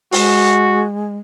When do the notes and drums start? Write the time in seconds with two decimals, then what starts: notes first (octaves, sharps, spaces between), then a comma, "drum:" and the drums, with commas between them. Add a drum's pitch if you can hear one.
0.12 G#3 F#4, drum: open hi-hat